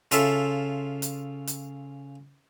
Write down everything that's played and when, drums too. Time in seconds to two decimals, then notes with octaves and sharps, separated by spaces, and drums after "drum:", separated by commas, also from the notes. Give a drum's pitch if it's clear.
0.11 C#3 F4 A4 E5, drum: hi-hat
1.02 drum: hi-hat
1.47 drum: hi-hat